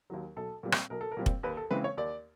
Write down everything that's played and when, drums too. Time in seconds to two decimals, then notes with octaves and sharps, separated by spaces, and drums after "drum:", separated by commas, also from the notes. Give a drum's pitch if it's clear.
0.10 D#2 D#3 F#3
0.36 B1 A4
0.63 A#2 G3 C4
0.72 drum: rim click
0.90 B1 A#4
1.01 A4
1.12 A#4
1.17 A#2 G3 C4
1.26 drum: kick F1
1.43 D#2 B4
1.57 A4
1.71 C#3 E3 G#3 C4 B4
1.84 C#5
1.97 D#2 D5